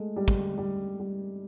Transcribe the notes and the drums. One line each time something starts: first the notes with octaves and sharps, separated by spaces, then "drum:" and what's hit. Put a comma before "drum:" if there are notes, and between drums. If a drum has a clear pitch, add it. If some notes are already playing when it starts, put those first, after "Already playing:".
Already playing: G#3 A3
G3
drum: kick
G3
G3